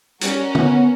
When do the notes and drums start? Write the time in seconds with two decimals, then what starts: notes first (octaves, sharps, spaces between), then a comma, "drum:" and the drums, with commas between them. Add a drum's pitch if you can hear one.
0.21 G3 C#4 F#4 A#4, drum: hi-hat
0.55 B3, drum: tom